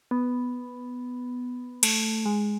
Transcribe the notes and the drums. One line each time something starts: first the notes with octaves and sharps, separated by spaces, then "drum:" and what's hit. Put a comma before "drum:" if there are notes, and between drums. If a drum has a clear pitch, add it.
B3
A3, drum: cymbal
G#3